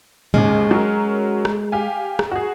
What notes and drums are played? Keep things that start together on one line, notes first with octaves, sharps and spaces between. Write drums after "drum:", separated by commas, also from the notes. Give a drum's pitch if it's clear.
G#1 D#2 C#3 G#3, drum: tom G#2
F#3 C#4 A#4
drum: rim click
G4 F5 G#5
drum: rim click
F#4 G#4